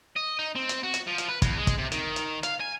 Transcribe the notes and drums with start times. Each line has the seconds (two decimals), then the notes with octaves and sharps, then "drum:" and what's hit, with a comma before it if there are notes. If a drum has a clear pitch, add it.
0.16 D#5
0.39 D#4
0.55 C4
0.69 drum: hi-hat
0.83 F#4
0.94 drum: hi-hat
1.07 F3
1.18 drum: hi-hat
1.28 B4
1.42 E2, drum: kick, hi-hat
1.58 G#3
1.67 drum: kick, hi-hat
1.78 C3
1.92 D#3, drum: hi-hat
2.16 drum: hi-hat
2.43 F5, drum: hi-hat
2.60 G#5